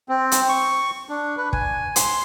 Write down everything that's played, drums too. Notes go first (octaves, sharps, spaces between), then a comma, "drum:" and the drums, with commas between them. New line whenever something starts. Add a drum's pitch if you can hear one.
C4
drum: hi-hat
C#6
D4
B4
G#5, drum: kick
C6, drum: hi-hat